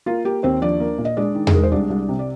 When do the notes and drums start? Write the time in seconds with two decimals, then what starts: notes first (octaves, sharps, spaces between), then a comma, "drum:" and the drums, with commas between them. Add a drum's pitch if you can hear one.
0.06 A#3 F4
0.25 A#3 G4
0.43 D#2 C4 C5
0.61 F3 D4 D5
0.80 A#3
0.98 A#2
1.05 D#5
1.17 G#3 D4 D5
1.35 D#3
1.47 G#4, drum: tom E2
1.53 G#3 A#4
1.63 C5
1.72 C2 D4 D5
1.90 C2
2.09 C3
2.19 D5